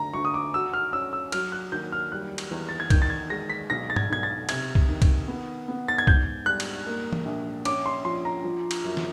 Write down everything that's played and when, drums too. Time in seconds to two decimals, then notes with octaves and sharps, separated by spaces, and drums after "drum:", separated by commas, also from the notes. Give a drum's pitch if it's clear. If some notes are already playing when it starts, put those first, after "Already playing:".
Already playing: D2 A#5
0.14 D2 C#6
0.25 D#6
0.34 D6
0.53 F#4 E6
0.74 F6
0.93 C#4 E6
1.13 E6
1.32 F#3 F6, drum: cymbal
1.52 F#6
1.72 D#2 G6
1.92 F6
2.12 G3 F#6
2.38 drum: cymbal
2.51 E2
2.69 A6
2.80 G#6
2.90 D#3 G6, drum: kick, cymbal
3.02 A6
3.10 G#6
3.30 G#3 A#6
3.50 B6
3.70 B1 A#6
3.90 A6
3.96 G#6, drum: tom G#2
4.09 B1 G#6
4.23 A6
4.49 C3 G#6, drum: cymbal
4.75 drum: kick
4.88 D#3
5.02 drum: kick, cymbal
5.28 B3
5.68 B3
5.88 A6
5.98 G#6
6.07 G#2 G6, drum: kick
6.46 G3 F#6
6.60 drum: cymbal
6.86 A#3
7.13 drum: tom E3
7.25 A#1
7.65 C#4 D6, drum: cymbal
7.86 C6
8.05 F3 C6
8.25 A#5
8.44 F3
8.71 drum: cymbal
8.84 F#2
8.97 drum: snare